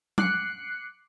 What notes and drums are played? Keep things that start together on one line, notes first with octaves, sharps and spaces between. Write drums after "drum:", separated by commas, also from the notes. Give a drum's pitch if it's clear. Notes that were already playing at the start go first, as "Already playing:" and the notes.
D6 F#6 C7 C#7, drum: tom F#3